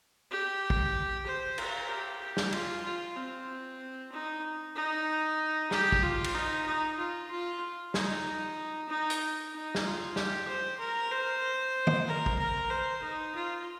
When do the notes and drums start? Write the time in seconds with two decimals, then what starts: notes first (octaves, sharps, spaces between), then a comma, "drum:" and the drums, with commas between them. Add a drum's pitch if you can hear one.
0.31 G4
0.70 drum: kick
1.26 C5
1.58 A#4, drum: cymbal
1.89 G4
2.21 G4
2.37 drum: snare
2.52 F4, drum: cymbal
2.85 F4
3.16 C4
4.12 D#4
4.76 D#4
5.71 G4, drum: snare
5.92 drum: kick
6.03 F4
6.24 drum: cymbal
6.34 D#4
6.66 D#4
6.98 F4
7.31 F4
7.94 D#4, drum: snare
8.89 D#4
9.10 drum: hi-hat
9.53 D#4
9.75 drum: snare
9.85 F4
10.16 G4, drum: snare
10.48 C5
10.79 A#4
11.11 C5
11.87 drum: tom
12.07 A#4
12.26 drum: kick
12.39 A#4
12.70 C5
13.03 D#4
13.35 F4